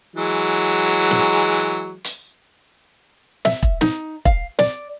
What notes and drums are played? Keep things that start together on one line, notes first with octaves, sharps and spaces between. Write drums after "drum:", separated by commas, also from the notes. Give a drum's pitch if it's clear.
E3 F#3 G#3
drum: snare
drum: hi-hat
E5, drum: snare
drum: kick E1
D#4, drum: snare
F5, drum: kick E1
D5, drum: snare